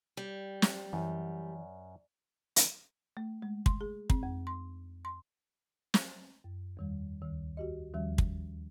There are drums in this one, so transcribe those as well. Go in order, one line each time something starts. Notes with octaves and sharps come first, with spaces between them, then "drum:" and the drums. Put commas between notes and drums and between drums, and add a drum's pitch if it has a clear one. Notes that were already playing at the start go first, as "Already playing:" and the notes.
G3
drum: snare
F#2 E3
drum: hi-hat
A3
G#3
C6, drum: kick
G#4
C4, drum: kick
F2
C6
C6
drum: snare
F#2
E2 D#3 G3
D2 D#3
F#4 G4 D#5
D#2 D#3 F3 G3 E5
drum: kick